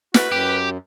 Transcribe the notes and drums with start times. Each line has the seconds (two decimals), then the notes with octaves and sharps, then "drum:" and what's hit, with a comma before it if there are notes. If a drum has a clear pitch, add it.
0.14 F#4 B4, drum: snare
0.32 F#2 G4